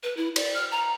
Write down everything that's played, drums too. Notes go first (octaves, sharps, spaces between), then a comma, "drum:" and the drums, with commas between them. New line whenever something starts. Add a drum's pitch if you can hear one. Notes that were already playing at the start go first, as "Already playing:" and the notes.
B4
E4
D5, drum: cymbal
F6
A#5